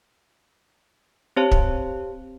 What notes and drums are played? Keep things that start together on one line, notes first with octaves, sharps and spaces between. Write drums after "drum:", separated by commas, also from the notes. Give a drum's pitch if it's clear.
C4 G4 C5 C#5 A5
drum: kick